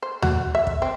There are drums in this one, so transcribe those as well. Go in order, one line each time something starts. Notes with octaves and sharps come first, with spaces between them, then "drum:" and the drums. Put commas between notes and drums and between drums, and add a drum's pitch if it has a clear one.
C5
F#4, drum: tom D#2
E5
drum: kick
C4